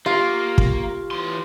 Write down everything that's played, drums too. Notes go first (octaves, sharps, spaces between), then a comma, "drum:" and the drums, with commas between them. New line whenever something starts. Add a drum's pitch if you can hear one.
A#3 F4 G4
drum: kick
E3 C6